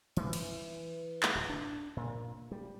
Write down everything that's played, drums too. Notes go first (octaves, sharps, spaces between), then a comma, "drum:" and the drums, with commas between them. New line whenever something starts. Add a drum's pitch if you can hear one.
E3, drum: hi-hat
drum: cymbal
drum: clap
D1
D4
A#2
G3